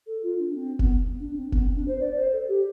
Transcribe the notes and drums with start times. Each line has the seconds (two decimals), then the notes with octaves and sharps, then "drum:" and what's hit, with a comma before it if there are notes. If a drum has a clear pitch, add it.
0.07 A4
0.23 F4
0.39 D4
0.55 C4
0.79 B3, drum: kick F1
1.20 D4
1.36 C4
1.52 B3, drum: kick F1
1.64 C4
1.76 D4
1.88 C5
2.00 D5
2.16 C5
2.32 A4
2.48 G4